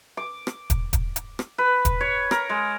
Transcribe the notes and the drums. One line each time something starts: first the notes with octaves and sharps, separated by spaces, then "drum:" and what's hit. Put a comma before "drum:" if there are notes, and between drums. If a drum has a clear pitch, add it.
D6
drum: rim click
drum: kick, hi-hat
drum: kick, hi-hat
drum: hi-hat
drum: rim click
B4
drum: kick, hi-hat
C#5
A#4, drum: rim click
G#3